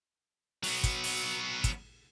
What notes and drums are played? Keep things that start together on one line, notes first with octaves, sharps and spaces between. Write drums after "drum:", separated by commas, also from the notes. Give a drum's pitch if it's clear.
F#3 B3, drum: open hi-hat
drum: kick, hi-hat
drum: open hi-hat
drum: kick, hi-hat